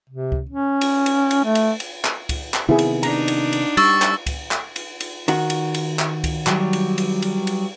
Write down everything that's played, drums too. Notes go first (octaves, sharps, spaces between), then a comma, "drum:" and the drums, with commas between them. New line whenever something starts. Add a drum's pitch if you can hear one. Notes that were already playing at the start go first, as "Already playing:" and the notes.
C3
drum: kick C#2
C#4
drum: cymbal
drum: cymbal
drum: cymbal
A3
drum: cymbal
drum: cymbal
drum: clap
drum: kick C#2, cymbal
drum: clap
C3 D#3 B3 E4 G#4
drum: cymbal
D4 D#4 A#5, drum: cymbal
drum: cymbal
drum: cymbal
G3 C#6 E6 A6, drum: cymbal
drum: clap
drum: kick C#2, cymbal
drum: clap
drum: cymbal
drum: cymbal
D#3 F#4, drum: cymbal
drum: cymbal
drum: cymbal
drum: clap
drum: kick C#2, cymbal
F#3 G3, drum: clap
drum: cymbal
drum: cymbal
drum: cymbal
drum: cymbal